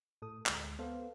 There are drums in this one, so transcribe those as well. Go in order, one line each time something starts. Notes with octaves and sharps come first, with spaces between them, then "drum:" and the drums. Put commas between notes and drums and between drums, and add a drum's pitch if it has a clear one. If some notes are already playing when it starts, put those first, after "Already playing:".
A2 A4 D#6
D2 G#3, drum: clap
B3 A4 C5 F5